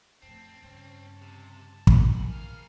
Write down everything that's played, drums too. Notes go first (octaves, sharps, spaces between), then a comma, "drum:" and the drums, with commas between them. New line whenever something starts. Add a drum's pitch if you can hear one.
F2 A2 C4 A5
G2 C#3 C#4
C3
G#4 A#4 F#5 B5, drum: kick
D#3 D#4 F5 F6